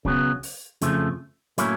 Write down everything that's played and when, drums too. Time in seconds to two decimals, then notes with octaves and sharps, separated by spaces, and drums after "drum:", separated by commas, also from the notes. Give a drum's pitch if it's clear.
0.05 C#3 F#3 B3, drum: kick C2
0.43 drum: open hi-hat
0.81 F2 C#3 F3 A3, drum: hi-hat
1.58 A2 F#3 A#3 C#4 E4, drum: hi-hat